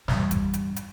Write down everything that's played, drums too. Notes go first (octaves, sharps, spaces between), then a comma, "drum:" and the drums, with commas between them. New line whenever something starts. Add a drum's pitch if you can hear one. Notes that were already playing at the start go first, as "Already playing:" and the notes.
E2 G2, drum: snare
drum: kick G1, hi-hat
drum: hi-hat
drum: hi-hat